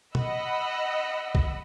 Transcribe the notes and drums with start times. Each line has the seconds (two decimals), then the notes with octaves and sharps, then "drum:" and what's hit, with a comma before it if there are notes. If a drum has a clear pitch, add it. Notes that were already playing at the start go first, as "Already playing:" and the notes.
0.15 D#5 F#5 B5 E6, drum: tom
1.35 drum: kick